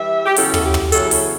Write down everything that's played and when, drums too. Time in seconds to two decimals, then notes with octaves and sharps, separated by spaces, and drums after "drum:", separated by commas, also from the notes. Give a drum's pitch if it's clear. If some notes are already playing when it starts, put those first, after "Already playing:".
Already playing: E3 G3 E5
0.26 G4
0.36 E2 C#3 F#3 C#4 E4 A4, drum: open hi-hat
0.54 A4, drum: tom
0.65 G4
0.74 drum: tom
0.92 E2 C#3 F#3 C#4 E4 A4, drum: hi-hat
1.11 A4, drum: open hi-hat